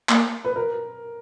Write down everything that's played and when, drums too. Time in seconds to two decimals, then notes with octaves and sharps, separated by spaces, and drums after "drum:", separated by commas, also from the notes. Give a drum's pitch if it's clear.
0.09 A#3, drum: clap
0.45 B4
0.56 A#4